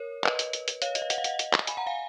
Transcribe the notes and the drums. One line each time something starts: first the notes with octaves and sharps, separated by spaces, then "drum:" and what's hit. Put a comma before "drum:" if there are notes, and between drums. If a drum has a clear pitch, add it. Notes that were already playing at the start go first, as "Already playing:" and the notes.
Already playing: A#4 C#5
B4 D#5, drum: clap
drum: hi-hat
drum: hi-hat
drum: hi-hat
C#5 F5, drum: hi-hat
D#5, drum: hi-hat
F5
D#5 F#5, drum: hi-hat
F5
D#5 F#5, drum: hi-hat
drum: hi-hat
drum: clap
G#5 B5, drum: hi-hat
F#5 A#5
F5 G#5